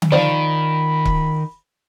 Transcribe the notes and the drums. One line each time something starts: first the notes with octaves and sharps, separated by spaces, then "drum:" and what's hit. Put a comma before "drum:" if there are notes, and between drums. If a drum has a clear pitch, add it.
drum: tom D3
D#3 F3 C5 D5 B5
drum: kick C#1